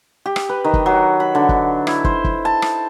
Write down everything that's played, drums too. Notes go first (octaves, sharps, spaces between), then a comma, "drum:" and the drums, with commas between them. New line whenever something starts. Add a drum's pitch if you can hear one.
G4
drum: rim click
B4
D#3
drum: kick
F#3
B5
D3
drum: kick
E4, drum: rim click
C5, drum: kick
drum: kick
A5
drum: rim click